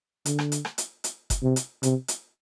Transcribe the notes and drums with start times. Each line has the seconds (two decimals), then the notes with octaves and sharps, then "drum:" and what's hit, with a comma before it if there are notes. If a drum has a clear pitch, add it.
0.25 D3, drum: hi-hat
0.39 drum: rim click
0.52 drum: hi-hat
0.65 drum: rim click
0.78 drum: hi-hat
1.04 drum: hi-hat
1.30 drum: kick F#1, hi-hat
1.43 C3
1.56 drum: hi-hat
1.83 C3, drum: hi-hat
2.08 drum: hi-hat